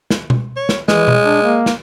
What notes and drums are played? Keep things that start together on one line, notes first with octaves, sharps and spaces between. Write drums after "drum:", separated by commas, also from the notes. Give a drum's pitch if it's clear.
drum: snare
drum: tom B2
C#5
drum: snare
E3 G#3, drum: snare
drum: tom B2
D4
A#3
drum: snare